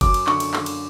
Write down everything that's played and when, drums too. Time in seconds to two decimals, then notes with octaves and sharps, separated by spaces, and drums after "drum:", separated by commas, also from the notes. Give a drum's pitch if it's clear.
0.01 F#2 D6, drum: kick F#1, cymbal
0.14 drum: cymbal
0.27 D3 C#6, drum: clap
0.40 drum: cymbal
0.54 D3, drum: clap
0.66 drum: cymbal